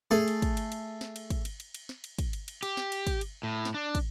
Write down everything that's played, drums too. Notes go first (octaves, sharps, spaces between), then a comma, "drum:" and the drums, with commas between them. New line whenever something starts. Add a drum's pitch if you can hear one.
A3 G#4
drum: cymbal
drum: kick, cymbal
drum: cymbal
drum: cymbal
drum: snare
drum: cymbal
drum: kick, cymbal
drum: cymbal
drum: cymbal
drum: cymbal
drum: snare
drum: cymbal
drum: kick, cymbal
drum: cymbal
drum: cymbal
G4, drum: cymbal
drum: snare
drum: cymbal
drum: kick, cymbal
drum: cymbal
A2
drum: snare
D4
drum: kick, cymbal